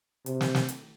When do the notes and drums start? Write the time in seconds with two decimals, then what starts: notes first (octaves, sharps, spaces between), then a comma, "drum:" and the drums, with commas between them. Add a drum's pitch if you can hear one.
0.26 C3, drum: hi-hat
0.41 drum: snare
0.55 drum: snare
0.69 drum: hi-hat